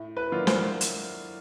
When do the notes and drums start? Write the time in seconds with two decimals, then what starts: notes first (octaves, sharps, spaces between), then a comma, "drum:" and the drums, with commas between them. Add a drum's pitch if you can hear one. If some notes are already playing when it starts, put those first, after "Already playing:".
Already playing: A2
0.17 B4
0.32 F#3 A#3 D4 F4
0.47 C5, drum: snare
0.81 drum: hi-hat